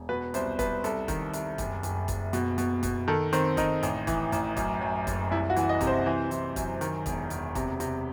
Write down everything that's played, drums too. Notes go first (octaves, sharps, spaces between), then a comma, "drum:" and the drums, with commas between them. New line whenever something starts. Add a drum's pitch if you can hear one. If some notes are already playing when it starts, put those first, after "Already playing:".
Already playing: E1
B2 B4
C2 C5, drum: hi-hat
C2 B4, drum: kick, hi-hat
C2 A4, drum: hi-hat
D#3, drum: kick, hi-hat
C2, drum: hi-hat
F#1, drum: kick, hi-hat
F#1, drum: hi-hat
F#1, drum: kick, hi-hat
B2, drum: hi-hat
B2, drum: hi-hat
B2, drum: kick, hi-hat
D#3 A4
D#3 C4, drum: hi-hat
D#3 D#4, drum: kick, hi-hat
A1, drum: hi-hat
E3, drum: kick, hi-hat
A1, drum: hi-hat
F#2, drum: kick, hi-hat
F#2
F#1, drum: kick, hi-hat
C2 E4
F#4
E3, drum: hi-hat
D#5
C3, drum: kick, hi-hat
C5
E3
E3, drum: hi-hat
F#2, drum: kick, hi-hat
D#3, drum: hi-hat
E1, drum: kick, hi-hat
E1, drum: hi-hat
C3, drum: kick, hi-hat
C3, drum: hi-hat